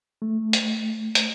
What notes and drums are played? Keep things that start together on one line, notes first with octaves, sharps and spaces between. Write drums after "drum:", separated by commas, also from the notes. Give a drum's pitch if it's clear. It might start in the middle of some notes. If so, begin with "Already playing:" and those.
A3
drum: hi-hat
drum: hi-hat